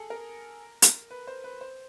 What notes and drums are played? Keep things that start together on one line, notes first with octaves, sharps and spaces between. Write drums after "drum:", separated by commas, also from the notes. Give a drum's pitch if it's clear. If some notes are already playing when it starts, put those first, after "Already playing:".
Already playing: G#4 A4
A#4
drum: hi-hat
B4
C5
B4
C5